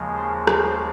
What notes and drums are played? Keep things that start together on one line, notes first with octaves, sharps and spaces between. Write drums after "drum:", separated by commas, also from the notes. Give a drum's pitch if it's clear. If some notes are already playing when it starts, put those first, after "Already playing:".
Already playing: D#2 C#3 F3 G#3
C5
C5, drum: rim click